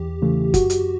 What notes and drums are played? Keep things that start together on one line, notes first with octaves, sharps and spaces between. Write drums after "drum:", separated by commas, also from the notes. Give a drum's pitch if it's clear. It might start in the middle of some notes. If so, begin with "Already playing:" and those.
Already playing: E2 G4
C#3 E3 A3
F#2 F#4, drum: kick F#1, hi-hat
drum: hi-hat